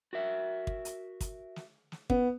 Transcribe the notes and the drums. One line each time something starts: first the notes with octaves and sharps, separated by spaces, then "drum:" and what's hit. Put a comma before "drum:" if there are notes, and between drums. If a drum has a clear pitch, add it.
F#4 A#4 E5
drum: kick
drum: hi-hat
drum: kick, hi-hat
drum: snare
drum: snare
B3, drum: kick